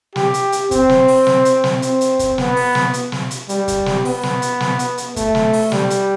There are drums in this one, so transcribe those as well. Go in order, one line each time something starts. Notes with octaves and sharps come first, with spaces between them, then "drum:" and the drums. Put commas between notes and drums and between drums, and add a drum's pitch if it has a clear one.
G4, drum: snare
drum: hi-hat
drum: hi-hat
C4, drum: kick, hi-hat
drum: snare
drum: open hi-hat
drum: snare
drum: hi-hat
drum: snare
C4, drum: hi-hat
drum: hi-hat
drum: kick, hi-hat
B3, drum: snare
drum: open hi-hat
drum: snare
drum: hi-hat
drum: snare
drum: hi-hat
G3, drum: hi-hat
drum: kick, hi-hat
drum: snare
B3, drum: open hi-hat
drum: snare
drum: hi-hat
drum: snare
drum: hi-hat
drum: hi-hat
A3, drum: kick, hi-hat
drum: snare
drum: open hi-hat
G3, drum: snare
drum: hi-hat